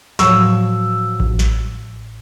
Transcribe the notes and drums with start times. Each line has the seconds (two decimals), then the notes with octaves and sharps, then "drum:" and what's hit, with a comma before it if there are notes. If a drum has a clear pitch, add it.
0.19 A2 F3 F#3 F5 E6, drum: snare
1.20 drum: kick A1
1.39 drum: snare